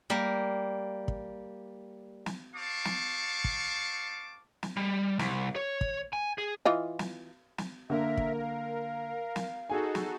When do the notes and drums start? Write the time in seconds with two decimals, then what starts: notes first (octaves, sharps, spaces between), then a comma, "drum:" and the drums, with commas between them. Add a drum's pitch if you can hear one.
0.10 G3 A#3
1.08 drum: kick
2.26 drum: snare
2.56 C4 F5 A5 C#6 D6
2.85 drum: snare
3.44 drum: kick
4.63 drum: snare
4.77 G3
5.19 C2, drum: snare
5.56 C#5
5.81 drum: kick
6.13 G#5
6.38 G#4
6.65 E3 F4 D#5
6.99 drum: snare
7.58 drum: snare
7.90 D3 A#3 A#4 E5
8.17 drum: kick
8.40 F5
9.36 drum: snare
9.70 D#4 F#4 G#4 A4 G#5
9.95 drum: snare